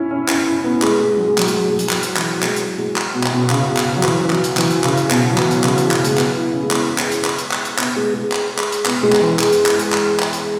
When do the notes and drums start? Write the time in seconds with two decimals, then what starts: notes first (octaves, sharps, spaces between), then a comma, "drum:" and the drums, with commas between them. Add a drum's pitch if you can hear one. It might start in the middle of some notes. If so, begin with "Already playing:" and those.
Already playing: C#4 E4
0.11 C#4
0.28 C#4, drum: clap
0.46 E4
0.64 B3
0.82 G#3, drum: clap
1.00 G#3
1.18 F#3
1.28 G#3
1.38 F#3, drum: clap
1.48 G#3, drum: hi-hat
1.58 F#3
1.68 G#3
1.79 F#3, drum: hi-hat
1.89 F#3, drum: clap
2.03 drum: hi-hat
2.16 E3, drum: clap
2.38 F#3
2.42 G#3, drum: clap
2.56 drum: hi-hat
2.78 G#3
2.96 drum: clap
3.14 B2
3.23 drum: clap
3.33 B2
3.50 C#3, drum: clap
3.77 drum: clap
3.97 F#3
4.03 E3, drum: clap
4.23 E3
4.30 F#3, drum: clap
4.44 drum: hi-hat
4.57 E3, drum: clap
4.70 drum: hi-hat
4.84 C#3, drum: clap
4.97 drum: hi-hat
5.10 B2, drum: clap
5.33 F#3
5.38 E3, drum: clap
5.51 drum: hi-hat
5.64 C#3, drum: clap
5.78 E3, drum: hi-hat
5.91 drum: clap
6.04 G#3, drum: hi-hat
6.18 B3, drum: clap
6.36 E4
6.53 C#4
6.63 G#3
6.71 B3, drum: clap
6.98 drum: clap
7.11 drum: hi-hat
7.25 drum: clap
7.38 drum: hi-hat
7.52 drum: clap
7.65 drum: hi-hat
7.78 B3, drum: clap
7.96 G#3
8.14 G#3
8.32 drum: clap
8.59 drum: clap
8.72 drum: hi-hat
8.86 B3, drum: clap
9.03 G#3
9.12 drum: clap
9.21 E3
9.39 drum: clap
9.52 drum: hi-hat
9.66 drum: clap
9.79 drum: hi-hat
9.93 drum: clap
10.19 drum: clap
10.33 drum: hi-hat